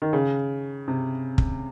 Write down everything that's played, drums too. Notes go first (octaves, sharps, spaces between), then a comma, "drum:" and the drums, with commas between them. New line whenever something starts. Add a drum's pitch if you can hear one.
D#3
C#3
C3
drum: kick